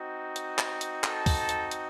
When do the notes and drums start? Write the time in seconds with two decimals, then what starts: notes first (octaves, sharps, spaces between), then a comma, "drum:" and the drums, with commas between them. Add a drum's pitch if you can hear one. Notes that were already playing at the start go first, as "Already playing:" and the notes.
Already playing: C4 D#4 F#4
0.36 drum: hi-hat
0.58 drum: clap
0.81 drum: hi-hat
1.04 A4 A5, drum: clap
1.26 drum: kick, open hi-hat
1.49 drum: hi-hat
1.71 drum: hi-hat